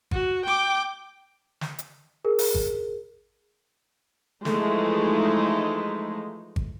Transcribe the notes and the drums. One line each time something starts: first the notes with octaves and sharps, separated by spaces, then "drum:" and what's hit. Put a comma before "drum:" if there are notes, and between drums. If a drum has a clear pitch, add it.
F#4, drum: kick G#1
G5 D6
drum: snare
drum: hi-hat
G#4 A#4
drum: open hi-hat
drum: kick G#1
E3 F3 G#3 A3 D#4 E4, drum: snare
drum: kick G#1